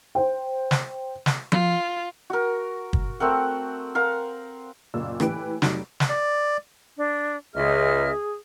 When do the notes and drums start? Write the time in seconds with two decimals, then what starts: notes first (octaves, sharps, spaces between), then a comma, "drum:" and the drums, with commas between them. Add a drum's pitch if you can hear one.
0.15 C5 G5
0.71 drum: snare
1.26 drum: snare
1.52 F4, drum: tom F3
2.30 F#4 A#4
2.93 drum: kick
3.20 A3 C4 A#4 F#5
3.95 A#4 F5 F#5
4.94 F#1 A#2 E6
5.20 A2 E3 G4 B4 D7, drum: rim click
5.62 F1 F#3 D#4 D7, drum: snare
6.00 drum: snare
6.09 D5
6.96 D4
7.55 C#2 G#4 D#5 E5 F6